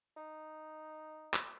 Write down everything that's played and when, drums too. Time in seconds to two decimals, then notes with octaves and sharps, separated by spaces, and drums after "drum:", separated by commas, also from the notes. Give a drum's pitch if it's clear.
0.17 D#4
1.34 drum: clap